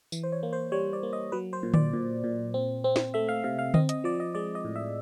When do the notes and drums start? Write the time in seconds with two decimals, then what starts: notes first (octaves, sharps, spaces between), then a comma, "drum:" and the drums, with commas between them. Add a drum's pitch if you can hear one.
0.12 E3, drum: tambourine
0.23 C5
0.32 C#5
0.43 A#3
0.53 C5
0.72 G3 C#5
0.93 D5
1.03 A#3
1.13 D#5
1.32 F#3 B4
1.53 C5
1.63 A#2
1.74 D5, drum: tom D3
1.93 A#2
2.24 A#2
2.54 C4
2.84 C4
2.96 drum: snare
3.14 A3 E5
3.29 F5
3.44 C3 F5
3.59 F5
3.74 C4 D#5, drum: tom D3
3.89 D#5, drum: hi-hat
4.04 F3 D5
4.20 D#5
4.35 G#3 D5
4.55 D#5
4.65 A2
4.76 E5